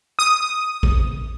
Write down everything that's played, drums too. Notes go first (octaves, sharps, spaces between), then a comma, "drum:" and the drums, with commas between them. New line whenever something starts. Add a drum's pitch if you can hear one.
D#6
drum: kick A1